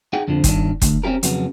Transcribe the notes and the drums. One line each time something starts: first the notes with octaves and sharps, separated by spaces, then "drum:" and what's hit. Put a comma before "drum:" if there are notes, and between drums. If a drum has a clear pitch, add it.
D#4 G#4 F#5 G5
F2 D3 F3
G2 D#3 D4, drum: kick, hi-hat
D2, drum: kick, hi-hat
C4 C#4 F4 G4 A#4
F2 C#3 F#3 B3, drum: hi-hat